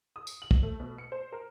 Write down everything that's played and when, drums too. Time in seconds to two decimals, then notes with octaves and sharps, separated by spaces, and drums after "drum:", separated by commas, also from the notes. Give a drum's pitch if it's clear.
0.16 D#6
0.27 drum: tambourine
0.42 F#7
0.51 drum: kick
0.63 A3
0.80 B2
0.98 C#7
1.12 C5
1.32 A#4